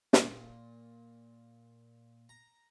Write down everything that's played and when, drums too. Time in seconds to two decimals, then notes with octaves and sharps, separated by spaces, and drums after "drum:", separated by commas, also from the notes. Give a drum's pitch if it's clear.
0.13 A#2, drum: snare
2.29 A#5